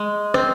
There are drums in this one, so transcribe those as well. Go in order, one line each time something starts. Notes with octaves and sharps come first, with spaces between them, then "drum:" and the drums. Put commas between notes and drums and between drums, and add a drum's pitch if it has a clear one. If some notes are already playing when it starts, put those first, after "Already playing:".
Already playing: G#3
C4, drum: rim click